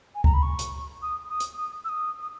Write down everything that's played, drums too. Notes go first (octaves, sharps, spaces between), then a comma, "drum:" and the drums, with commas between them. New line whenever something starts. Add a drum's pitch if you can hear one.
G#5
A#5, drum: kick C#2
B5
C#6
drum: hi-hat
D#6
D#6
drum: hi-hat
D#6
E6
D#6
D#6